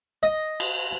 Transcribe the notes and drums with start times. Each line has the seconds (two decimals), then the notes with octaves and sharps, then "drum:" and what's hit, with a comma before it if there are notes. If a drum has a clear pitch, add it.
0.23 D#5
0.60 drum: cymbal